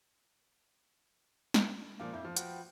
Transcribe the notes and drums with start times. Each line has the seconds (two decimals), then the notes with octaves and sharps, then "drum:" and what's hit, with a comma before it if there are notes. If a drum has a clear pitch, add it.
1.54 drum: snare
1.99 A#2 F3 A#3 F5 D6
2.13 F2 E4 G6
2.25 F3
2.37 F#4 B4 G5, drum: hi-hat